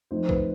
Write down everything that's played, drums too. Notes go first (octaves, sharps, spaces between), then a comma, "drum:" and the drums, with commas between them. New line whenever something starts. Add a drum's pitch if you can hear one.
F3 A3 C4 D#4 C5
C5
B4, drum: kick A#1